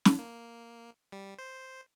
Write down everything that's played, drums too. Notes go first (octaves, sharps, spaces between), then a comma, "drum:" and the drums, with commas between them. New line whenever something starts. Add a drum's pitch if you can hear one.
drum: snare
A#3
G3
C5